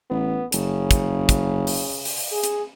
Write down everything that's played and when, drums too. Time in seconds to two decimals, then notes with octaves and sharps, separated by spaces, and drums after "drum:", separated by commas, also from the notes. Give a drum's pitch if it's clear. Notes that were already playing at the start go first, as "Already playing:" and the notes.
0.10 A1 B3
0.52 F#1 C#3, drum: hi-hat
0.91 drum: kick, hi-hat
1.29 drum: kick, hi-hat
1.67 drum: open hi-hat
2.05 drum: open hi-hat
2.32 G#4
2.43 drum: hi-hat